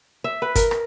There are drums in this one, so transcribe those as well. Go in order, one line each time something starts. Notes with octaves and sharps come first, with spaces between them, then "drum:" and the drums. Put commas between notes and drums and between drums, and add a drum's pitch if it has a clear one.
E5
B4
A#4, drum: kick, hi-hat
drum: rim click